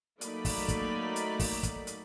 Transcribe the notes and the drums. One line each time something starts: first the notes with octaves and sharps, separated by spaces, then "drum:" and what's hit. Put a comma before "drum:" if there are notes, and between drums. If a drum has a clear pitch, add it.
F#3 A3 A#3 D#4 D5 B5, drum: hi-hat
drum: kick, open hi-hat
drum: kick, hi-hat
drum: hi-hat
drum: kick, open hi-hat
drum: kick, hi-hat
drum: hi-hat